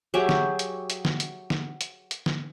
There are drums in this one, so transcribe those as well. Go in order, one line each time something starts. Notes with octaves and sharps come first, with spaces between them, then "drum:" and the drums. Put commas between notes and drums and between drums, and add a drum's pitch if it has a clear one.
F#3 G4 G#4 E5
drum: snare
drum: hi-hat
drum: hi-hat
drum: snare
drum: hi-hat
drum: snare
drum: hi-hat
drum: hi-hat
drum: snare